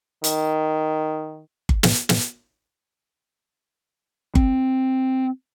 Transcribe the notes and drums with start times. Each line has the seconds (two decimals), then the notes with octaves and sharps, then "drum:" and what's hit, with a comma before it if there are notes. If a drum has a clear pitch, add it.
0.24 D#3, drum: hi-hat
1.69 drum: kick G1
1.83 drum: snare
2.09 drum: snare
4.35 C4, drum: kick G1